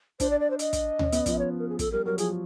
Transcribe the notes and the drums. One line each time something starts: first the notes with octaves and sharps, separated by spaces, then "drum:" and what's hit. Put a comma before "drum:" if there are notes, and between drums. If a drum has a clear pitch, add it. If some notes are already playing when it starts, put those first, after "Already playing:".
D4 C5, drum: kick, hi-hat
D5
D5
C5
D#5, drum: hi-hat
drum: kick, hi-hat
C#4, drum: tom D2
B3, drum: hi-hat
F3, drum: kick, hi-hat
C#5
A#4
G#4
A4, drum: kick, hi-hat
G3 A#4
F#3 A#4
F3 G#4, drum: hi-hat